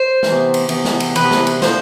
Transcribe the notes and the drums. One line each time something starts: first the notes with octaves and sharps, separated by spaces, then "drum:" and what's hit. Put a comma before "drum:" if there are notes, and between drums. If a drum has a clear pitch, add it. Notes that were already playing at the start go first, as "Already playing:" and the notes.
Already playing: C5
C3 E3 B3, drum: snare
drum: cymbal
C3 E3 B3, drum: cymbal
drum: snare
drum: cymbal
C3 E3 B3 B4, drum: cymbal
drum: snare
drum: cymbal
D3 F3 B3 C5, drum: snare